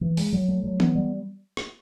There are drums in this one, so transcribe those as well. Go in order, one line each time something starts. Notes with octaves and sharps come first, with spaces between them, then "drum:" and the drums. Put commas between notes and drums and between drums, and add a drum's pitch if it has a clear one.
E3
G#3, drum: open hi-hat
F#3
A3
F#3
B3, drum: tom E3
G3
drum: rim click